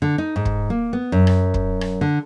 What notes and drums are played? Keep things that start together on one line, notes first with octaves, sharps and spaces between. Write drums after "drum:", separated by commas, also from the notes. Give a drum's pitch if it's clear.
D3
D#4
G#2
drum: kick
A#3
B3
F#2
drum: rim click
drum: kick
drum: rim click
D3